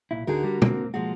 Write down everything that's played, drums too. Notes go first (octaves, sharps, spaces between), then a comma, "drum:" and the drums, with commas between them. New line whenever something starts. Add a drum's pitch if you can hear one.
B1 A#2 E4
D2 D3 D#4 F#4 G#4 A#4
G3
A#3 C4, drum: tom
B1 F3 G#3 A#3 F#4